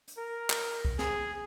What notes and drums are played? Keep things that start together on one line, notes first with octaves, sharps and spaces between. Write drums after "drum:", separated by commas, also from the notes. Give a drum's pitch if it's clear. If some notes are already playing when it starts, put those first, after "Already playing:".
drum: hi-hat
A#4
drum: clap
drum: kick C2
G#4, drum: snare